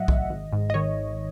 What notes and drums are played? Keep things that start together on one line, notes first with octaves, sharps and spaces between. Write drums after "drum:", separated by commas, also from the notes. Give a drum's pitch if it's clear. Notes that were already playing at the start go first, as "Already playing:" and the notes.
Already playing: A2 F#3 D#5 E5 F#5
A1, drum: kick B1
G#1
G#2
D#5
D#3 C#5